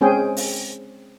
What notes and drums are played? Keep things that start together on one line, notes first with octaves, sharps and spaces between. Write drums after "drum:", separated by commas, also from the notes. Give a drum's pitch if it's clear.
G#3 C4 C#4 G#4 G5
drum: open hi-hat